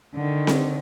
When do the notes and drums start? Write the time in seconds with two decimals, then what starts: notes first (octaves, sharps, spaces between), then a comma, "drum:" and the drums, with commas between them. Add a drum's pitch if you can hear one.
0.16 D3 D#3
0.47 drum: snare C4